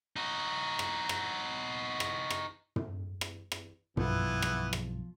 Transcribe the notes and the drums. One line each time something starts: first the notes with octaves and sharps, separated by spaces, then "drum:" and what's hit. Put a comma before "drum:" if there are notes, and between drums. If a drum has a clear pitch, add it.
D#4 F#4
drum: rim click
drum: rim click
drum: rim click
drum: rim click
drum: tom
drum: rim click
drum: rim click
B1 G2 E3 F3 B3 F4, drum: tom
drum: rim click
drum: rim click